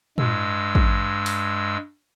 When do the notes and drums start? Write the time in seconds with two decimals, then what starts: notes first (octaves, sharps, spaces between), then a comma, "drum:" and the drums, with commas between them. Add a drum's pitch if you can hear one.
0.18 G2 G#3 E6, drum: tom
0.75 drum: kick
1.26 drum: open hi-hat